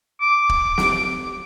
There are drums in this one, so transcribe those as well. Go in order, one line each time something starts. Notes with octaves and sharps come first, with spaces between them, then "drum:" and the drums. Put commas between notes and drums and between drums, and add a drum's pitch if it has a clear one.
D6
drum: kick
drum: snare